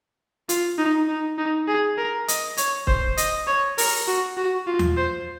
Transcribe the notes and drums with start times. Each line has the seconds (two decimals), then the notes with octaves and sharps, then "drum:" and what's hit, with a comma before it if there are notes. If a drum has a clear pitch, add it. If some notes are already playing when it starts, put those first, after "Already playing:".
0.49 F4, drum: hi-hat
0.78 D#4
1.09 D#4
1.38 D#4
1.68 G#4
1.98 A#4
2.28 D#5, drum: hi-hat
2.57 C#5, drum: hi-hat
2.87 C5, drum: kick C#1
3.17 D#5, drum: hi-hat
3.47 C#5
3.78 A#4, drum: open hi-hat
4.08 F#4
4.37 F#4
4.67 F4
4.79 drum: tom D#2
4.97 C5